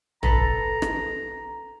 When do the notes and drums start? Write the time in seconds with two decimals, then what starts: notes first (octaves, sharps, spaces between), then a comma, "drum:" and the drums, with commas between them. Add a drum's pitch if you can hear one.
0.23 A4 B4 A#5, drum: tom
0.82 drum: rim click